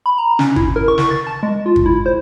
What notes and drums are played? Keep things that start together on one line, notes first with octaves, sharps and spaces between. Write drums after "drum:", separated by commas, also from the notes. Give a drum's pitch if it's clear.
B5
A#5
C#4, drum: snare
E4, drum: kick
A#4
C#6
drum: snare
A6
A5
G#3
F4
drum: kick
E4
C5